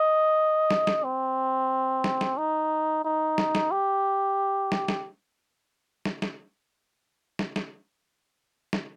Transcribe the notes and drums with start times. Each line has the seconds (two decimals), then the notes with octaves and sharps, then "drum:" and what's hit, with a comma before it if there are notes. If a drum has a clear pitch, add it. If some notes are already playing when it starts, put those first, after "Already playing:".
Already playing: D#5
0.71 drum: snare
0.87 drum: snare
1.04 C4
2.04 drum: snare
2.21 drum: snare
2.38 D#4
3.05 D#4
3.38 drum: snare
3.55 drum: snare
3.71 G4
4.72 drum: snare
4.88 drum: snare
6.05 drum: snare
6.22 drum: snare
7.39 drum: snare
7.56 drum: snare
8.73 drum: snare